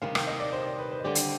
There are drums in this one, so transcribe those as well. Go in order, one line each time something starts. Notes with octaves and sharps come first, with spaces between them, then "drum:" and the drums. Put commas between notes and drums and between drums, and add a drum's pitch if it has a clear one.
C3 D#3 G3 F5
G5, drum: rim click
D#5
D5
C5
D5
B4
C5
D#5
D3 G3 C4 G4 D5
drum: hi-hat